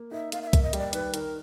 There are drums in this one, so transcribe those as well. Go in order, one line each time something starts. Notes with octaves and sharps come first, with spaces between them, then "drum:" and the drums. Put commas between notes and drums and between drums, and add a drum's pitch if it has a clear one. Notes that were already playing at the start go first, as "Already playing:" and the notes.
Already playing: A#3
D#4 E5
A#3 F5, drum: hi-hat
F5
E5
A#3, drum: kick, hi-hat
D#5
G3 D5, drum: hi-hat
D#3 B4, drum: hi-hat
D#3 A#4, drum: hi-hat